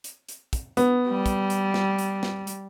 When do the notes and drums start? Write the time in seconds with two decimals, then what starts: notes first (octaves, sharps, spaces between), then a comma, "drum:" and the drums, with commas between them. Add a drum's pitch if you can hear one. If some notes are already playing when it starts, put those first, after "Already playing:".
0.04 drum: hi-hat
0.28 drum: hi-hat
0.53 drum: kick, hi-hat
0.77 B3, drum: hi-hat
1.09 G3
1.26 drum: kick, hi-hat
1.50 drum: hi-hat
1.74 drum: snare
1.99 drum: hi-hat
2.23 drum: snare
2.47 drum: hi-hat